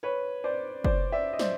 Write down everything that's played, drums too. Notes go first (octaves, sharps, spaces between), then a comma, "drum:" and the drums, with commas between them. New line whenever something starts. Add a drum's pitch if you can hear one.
B4 C#5
C5 D5
C5 D5, drum: kick F#1
D5 E5
D#5
C5 D5, drum: snare